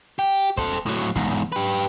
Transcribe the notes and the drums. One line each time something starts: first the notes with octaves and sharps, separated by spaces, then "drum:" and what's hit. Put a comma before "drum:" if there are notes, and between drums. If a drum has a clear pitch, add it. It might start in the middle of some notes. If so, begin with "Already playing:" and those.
G4
A4 C5, drum: kick, hi-hat
drum: hi-hat
A2 F#3, drum: hi-hat
drum: hi-hat
E2 G#2, drum: kick, hi-hat
drum: hi-hat
G4 B4